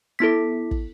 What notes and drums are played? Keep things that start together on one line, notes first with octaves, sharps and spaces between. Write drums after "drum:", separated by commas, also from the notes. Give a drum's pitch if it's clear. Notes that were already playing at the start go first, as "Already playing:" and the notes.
B3 E4 A4 B6
drum: kick